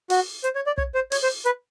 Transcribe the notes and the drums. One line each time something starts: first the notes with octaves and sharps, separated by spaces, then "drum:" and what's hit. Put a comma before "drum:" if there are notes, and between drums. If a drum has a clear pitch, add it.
F#4, drum: open hi-hat
C5, drum: hi-hat
C#5
D5
C#5, drum: kick
C5
C#5, drum: open hi-hat
C5
B4, drum: hi-hat